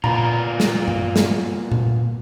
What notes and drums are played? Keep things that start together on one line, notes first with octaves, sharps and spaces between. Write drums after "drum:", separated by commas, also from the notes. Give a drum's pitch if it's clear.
A#3 B3 F4 A#5 B5, drum: tom A#2
drum: snare
drum: tom G2
drum: snare
drum: tom A#2